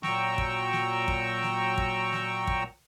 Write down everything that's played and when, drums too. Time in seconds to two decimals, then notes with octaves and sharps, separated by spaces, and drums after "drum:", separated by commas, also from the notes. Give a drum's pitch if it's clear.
0.03 A#2 F#3 G5 A#5 C#6 E6, drum: snare
0.38 drum: kick
0.73 drum: snare
1.08 drum: kick
1.43 drum: snare
1.78 drum: kick
2.12 drum: snare
2.47 drum: kick